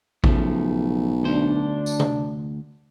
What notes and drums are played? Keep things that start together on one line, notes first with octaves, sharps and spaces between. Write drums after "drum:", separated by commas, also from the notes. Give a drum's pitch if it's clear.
B1 C#3 F3 A3, drum: kick A1
D2 D4 C5
drum: tambourine
drum: tom C3